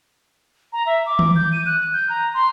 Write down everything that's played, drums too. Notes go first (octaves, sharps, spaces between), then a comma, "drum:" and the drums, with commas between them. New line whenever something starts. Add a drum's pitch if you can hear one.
A#5
E5
D6
drum: tom D#3
G6
D#7
F#6
G6
A#5
C6